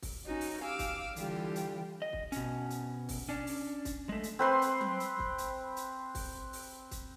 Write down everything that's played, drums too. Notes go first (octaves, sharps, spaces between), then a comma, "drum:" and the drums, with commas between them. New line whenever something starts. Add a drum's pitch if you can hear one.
drum: kick, open hi-hat
C#4 D#4 F#4
drum: open hi-hat
G4 F5 D6 E6
drum: kick, hi-hat
D3 E3 G3 F4 G4, drum: hi-hat
drum: hi-hat
D#5
drum: kick
B2 C#4, drum: hi-hat
drum: hi-hat
drum: kick, open hi-hat
C#4 D4
drum: open hi-hat
drum: kick, hi-hat
G#3 A3
drum: hi-hat
C4 B4 C6
drum: hi-hat
drum: tom F#3
drum: hi-hat
drum: kick
drum: hi-hat
drum: hi-hat
drum: kick, open hi-hat
drum: open hi-hat
drum: kick, hi-hat